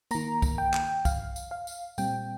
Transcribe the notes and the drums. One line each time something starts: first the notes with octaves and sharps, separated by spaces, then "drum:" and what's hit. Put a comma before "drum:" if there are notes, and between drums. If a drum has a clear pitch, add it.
D#3 A#3 A#5, drum: tambourine
drum: kick, tambourine
G5
drum: clap
F5, drum: kick, tambourine
drum: tambourine
F5
drum: tambourine
A#2 G3 C4 G5, drum: tambourine